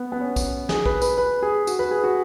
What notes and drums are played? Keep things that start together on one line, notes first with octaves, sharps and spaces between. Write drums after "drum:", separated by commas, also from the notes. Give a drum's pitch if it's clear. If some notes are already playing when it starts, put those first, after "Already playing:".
Already playing: B3
B3
C#4
drum: kick, tambourine
G#4, drum: snare
B4, drum: kick
B4, drum: tambourine
B4
G#4
F#4, drum: tambourine
B4
G#4
F#4